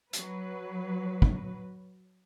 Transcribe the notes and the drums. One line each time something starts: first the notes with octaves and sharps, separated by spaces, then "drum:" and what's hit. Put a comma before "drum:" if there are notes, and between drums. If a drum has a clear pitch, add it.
F#3 B4, drum: hi-hat
drum: kick